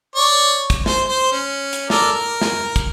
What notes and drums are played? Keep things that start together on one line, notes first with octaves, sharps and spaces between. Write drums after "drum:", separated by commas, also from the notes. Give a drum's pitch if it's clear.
C#5 D5
drum: kick, hi-hat
C5, drum: snare
C5
C#4
drum: hi-hat
A4 A#4 D5, drum: snare
A#4
drum: snare
drum: kick, hi-hat